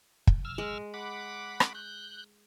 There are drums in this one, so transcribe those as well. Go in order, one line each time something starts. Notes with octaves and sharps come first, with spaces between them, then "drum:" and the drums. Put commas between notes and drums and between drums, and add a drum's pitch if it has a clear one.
drum: kick
E6 F6
G#3
F#5 B5 D6
drum: rim click
F#6 G6